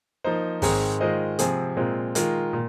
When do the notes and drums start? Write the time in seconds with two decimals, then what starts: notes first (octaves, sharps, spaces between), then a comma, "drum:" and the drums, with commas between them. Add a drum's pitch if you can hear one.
0.24 F3 A#3 D#4 C5
0.62 G#2 D#3 G#3 C4 G#4, drum: kick, open hi-hat
1.00 D#3 G#3 F4 C5 D#5
1.39 C3 F3 C4 G#4, drum: hi-hat
1.77 A#2 G#3 C4 F4
2.15 D#3 G#3 F4 A#4, drum: hi-hat
2.53 A#2